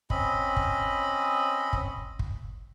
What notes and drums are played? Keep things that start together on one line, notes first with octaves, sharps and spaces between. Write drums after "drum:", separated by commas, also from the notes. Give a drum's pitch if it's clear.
C4 C#4 D#5 B5, drum: kick
drum: kick
drum: kick
drum: kick